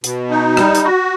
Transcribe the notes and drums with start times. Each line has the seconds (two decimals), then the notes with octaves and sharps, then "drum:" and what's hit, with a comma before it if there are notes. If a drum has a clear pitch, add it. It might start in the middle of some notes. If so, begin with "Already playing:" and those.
0.04 B2, drum: hi-hat
0.31 D#4
0.57 G3, drum: rim click
0.75 drum: hi-hat
0.84 F#4